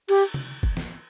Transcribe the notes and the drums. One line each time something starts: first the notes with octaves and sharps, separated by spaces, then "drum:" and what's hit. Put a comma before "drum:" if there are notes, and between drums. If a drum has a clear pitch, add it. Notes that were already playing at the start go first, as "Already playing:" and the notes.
G4, drum: cymbal
drum: tom
drum: kick
drum: snare